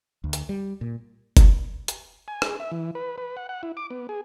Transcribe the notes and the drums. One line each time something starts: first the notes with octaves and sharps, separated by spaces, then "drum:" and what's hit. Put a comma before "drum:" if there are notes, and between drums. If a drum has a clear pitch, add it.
D2
drum: hi-hat
G3
A#2
drum: kick F#1, hi-hat
drum: hi-hat
G#5
G#4, drum: rim click
E5
E3
B4
B4
F#5
F#5
E4
D6
B3
G#4